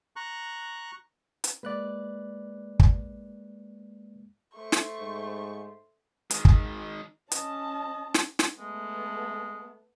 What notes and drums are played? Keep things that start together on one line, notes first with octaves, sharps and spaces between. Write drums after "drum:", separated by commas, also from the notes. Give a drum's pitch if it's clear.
A#5 C#6 F#6
drum: hi-hat
G#3 A#3 B4 D5 F#6
drum: kick
A3 C5 C#6
drum: snare
G#2
D#3 G#3, drum: hi-hat
drum: kick
C#4 D#5 A5, drum: hi-hat
drum: snare
drum: snare
G#3 A3 B3